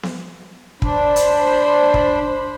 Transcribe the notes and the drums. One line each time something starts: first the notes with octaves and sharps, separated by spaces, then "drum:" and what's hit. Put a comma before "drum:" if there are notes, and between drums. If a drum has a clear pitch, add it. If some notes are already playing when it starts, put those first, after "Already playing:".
drum: snare B3
D4 C5 B5, drum: kick
drum: hi-hat
drum: kick